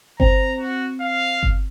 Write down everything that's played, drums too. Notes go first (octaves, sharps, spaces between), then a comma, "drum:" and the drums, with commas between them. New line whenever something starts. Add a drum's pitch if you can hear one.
C4 A#5, drum: kick G1
F#4
F5
drum: kick G1